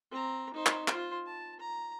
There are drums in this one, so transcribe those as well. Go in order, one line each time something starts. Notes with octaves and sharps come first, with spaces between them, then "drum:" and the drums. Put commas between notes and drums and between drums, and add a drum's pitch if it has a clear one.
C4 A#5
D#4 C5
drum: clap
F4 C5, drum: clap
A5
A#5